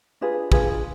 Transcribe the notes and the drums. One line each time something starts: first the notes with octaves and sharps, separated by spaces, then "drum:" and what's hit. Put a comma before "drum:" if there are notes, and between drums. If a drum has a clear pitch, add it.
D4 F4 G#4 B4
D4 F4 G#4 B4, drum: kick